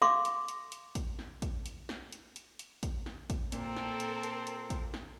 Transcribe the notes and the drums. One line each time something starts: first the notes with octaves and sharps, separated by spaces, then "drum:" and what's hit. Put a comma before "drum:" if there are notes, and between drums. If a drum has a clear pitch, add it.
F5 C6 D6, drum: snare
drum: hi-hat
drum: hi-hat
drum: hi-hat
drum: kick, hi-hat
drum: snare
drum: kick, hi-hat
drum: hi-hat
drum: snare
drum: hi-hat
drum: hi-hat
drum: hi-hat
drum: kick, hi-hat
drum: snare
drum: kick, hi-hat
A#2 C4 A4 A#4, drum: hi-hat
drum: snare
drum: hi-hat
drum: hi-hat
drum: hi-hat
drum: kick, hi-hat
drum: snare